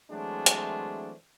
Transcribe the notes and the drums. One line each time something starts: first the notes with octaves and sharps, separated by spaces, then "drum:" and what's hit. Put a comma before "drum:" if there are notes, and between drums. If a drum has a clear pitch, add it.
E3 F#3 G#3 A3 C4 D4
drum: hi-hat